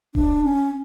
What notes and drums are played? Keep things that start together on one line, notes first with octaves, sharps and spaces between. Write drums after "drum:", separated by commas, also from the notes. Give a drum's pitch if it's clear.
D4, drum: kick D#1
C#4